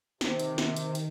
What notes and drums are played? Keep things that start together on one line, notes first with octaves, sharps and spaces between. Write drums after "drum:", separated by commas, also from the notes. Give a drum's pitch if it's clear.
C3 D#3, drum: snare
drum: hi-hat
drum: snare
drum: hi-hat
drum: hi-hat